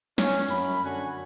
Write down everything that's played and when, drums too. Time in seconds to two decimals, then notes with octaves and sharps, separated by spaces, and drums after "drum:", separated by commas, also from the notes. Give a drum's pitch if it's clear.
0.18 C#4, drum: snare
0.48 F#2 B5, drum: hi-hat
0.84 F#2 D3 F#4 F#5 G#5